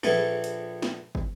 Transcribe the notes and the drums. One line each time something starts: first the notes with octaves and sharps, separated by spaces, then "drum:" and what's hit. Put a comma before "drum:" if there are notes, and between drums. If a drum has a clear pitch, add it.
A#1 E4 G#4 A4 B4, drum: tom E3
drum: hi-hat
drum: snare
drum: kick